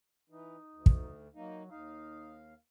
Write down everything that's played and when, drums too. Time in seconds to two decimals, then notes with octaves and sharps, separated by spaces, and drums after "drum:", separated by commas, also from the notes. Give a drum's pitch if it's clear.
0.30 E3 D#4
0.74 D2
0.86 drum: kick
1.35 F#3 A#3 D#4
1.71 D#2 D#4 F5